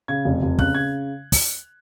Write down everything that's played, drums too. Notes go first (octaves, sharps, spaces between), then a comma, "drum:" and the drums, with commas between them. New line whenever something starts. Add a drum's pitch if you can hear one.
C#3 G#6
F1
F1
C#3 F#6, drum: kick
C#3 G#6
drum: kick, open hi-hat